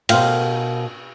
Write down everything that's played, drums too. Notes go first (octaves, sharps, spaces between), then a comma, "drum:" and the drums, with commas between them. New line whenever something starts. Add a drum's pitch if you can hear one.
B2 A#4 C5 F5 G5, drum: cymbal